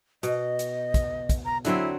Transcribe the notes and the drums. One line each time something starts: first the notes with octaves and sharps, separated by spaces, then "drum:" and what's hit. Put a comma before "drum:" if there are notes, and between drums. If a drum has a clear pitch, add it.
B2 D#5, drum: hi-hat
drum: hi-hat
drum: kick, hi-hat
drum: kick, hi-hat
A#5
D3 F#3 C4 E4, drum: hi-hat